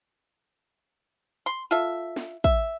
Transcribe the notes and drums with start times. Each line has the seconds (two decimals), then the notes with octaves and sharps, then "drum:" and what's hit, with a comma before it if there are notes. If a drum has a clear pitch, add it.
1.46 C6
1.71 F4 A4 E5
2.16 drum: snare
2.44 E5, drum: kick